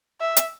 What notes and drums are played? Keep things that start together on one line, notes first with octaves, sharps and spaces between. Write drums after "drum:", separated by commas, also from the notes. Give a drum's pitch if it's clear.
E5
drum: hi-hat